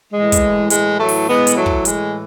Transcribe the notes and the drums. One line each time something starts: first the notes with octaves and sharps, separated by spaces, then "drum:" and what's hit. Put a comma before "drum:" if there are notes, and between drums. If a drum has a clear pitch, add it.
A2 E3 G#3
drum: kick, hi-hat
G#3, drum: hi-hat
F#3 A3
drum: open hi-hat
A2 E3 G#3 B3
drum: hi-hat
F#3 A3
drum: kick
G#3, drum: hi-hat